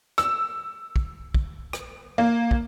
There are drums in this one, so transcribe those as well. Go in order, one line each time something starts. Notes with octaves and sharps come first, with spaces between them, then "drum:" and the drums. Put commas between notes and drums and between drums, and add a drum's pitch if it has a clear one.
E6, drum: rim click
drum: kick
drum: kick
drum: rim click
A#3
drum: kick